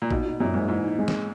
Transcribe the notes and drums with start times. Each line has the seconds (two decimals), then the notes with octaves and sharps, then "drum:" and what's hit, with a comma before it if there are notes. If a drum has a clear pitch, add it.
0.02 A#2
0.11 B2 D#4, drum: kick A1
0.25 B2 D#4
0.40 F#2 A#2
0.54 G#2 G#3
0.68 G#2 E3
0.84 D#4
0.98 G#3
1.08 drum: snare